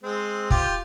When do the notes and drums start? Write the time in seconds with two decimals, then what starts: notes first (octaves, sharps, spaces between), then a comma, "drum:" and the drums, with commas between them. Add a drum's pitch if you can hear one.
0.03 G#3 C4
0.50 F4 G4 G5, drum: kick